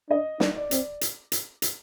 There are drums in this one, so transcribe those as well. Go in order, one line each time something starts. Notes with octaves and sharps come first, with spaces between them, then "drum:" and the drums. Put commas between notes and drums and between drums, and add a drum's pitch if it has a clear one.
D4 D#5
D4, drum: snare
D5
C4, drum: hi-hat
drum: hi-hat
drum: hi-hat
drum: hi-hat